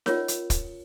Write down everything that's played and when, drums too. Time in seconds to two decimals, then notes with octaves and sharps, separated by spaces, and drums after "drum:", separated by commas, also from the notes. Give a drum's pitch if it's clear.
0.06 C#4 F4 A#4 C#5, drum: snare D#4
0.28 drum: hi-hat
0.50 drum: kick, hi-hat